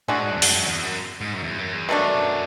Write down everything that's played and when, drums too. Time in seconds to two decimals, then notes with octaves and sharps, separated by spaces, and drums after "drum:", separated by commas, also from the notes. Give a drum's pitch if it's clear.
0.08 A2 G#3 D4 F#4
0.20 G#2
0.31 F#2
0.37 E2
0.42 F#2, drum: open hi-hat
0.53 F#2
0.68 E2
0.84 F#2
1.21 G#2
1.33 F#2
1.43 E2
1.58 F#2
1.73 E2
1.89 F#2 B2 F#3 A3 D4